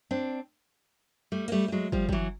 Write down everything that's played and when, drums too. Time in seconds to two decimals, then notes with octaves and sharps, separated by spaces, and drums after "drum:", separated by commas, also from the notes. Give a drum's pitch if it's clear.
0.11 C4 D4
1.32 G3 A3
1.48 A#3, drum: cymbal
1.52 G3 A3
1.68 G3
1.72 F#3 G#3
1.92 F3 G3, drum: kick
2.09 G3, drum: kick
2.12 E3 F#3